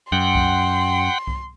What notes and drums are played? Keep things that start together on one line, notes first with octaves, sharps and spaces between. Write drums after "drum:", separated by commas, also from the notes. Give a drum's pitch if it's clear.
F#2 F#5 G5 C6
drum: kick C2
drum: kick C2